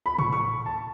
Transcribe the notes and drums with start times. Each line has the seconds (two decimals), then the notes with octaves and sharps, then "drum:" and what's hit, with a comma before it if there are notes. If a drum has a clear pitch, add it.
0.06 B5
0.19 C#6, drum: tom A2
0.33 C#6
0.66 A5